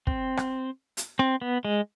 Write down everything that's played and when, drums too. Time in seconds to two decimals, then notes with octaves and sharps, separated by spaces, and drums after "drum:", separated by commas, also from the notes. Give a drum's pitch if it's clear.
0.07 C4, drum: kick
0.37 drum: rim click
0.97 drum: hi-hat
1.19 C4
1.42 B3
1.65 G#3